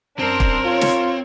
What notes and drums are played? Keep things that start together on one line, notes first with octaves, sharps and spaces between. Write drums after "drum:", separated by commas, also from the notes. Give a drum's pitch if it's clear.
F#2 C4 D4 A#4
drum: kick
F4 C#5
drum: snare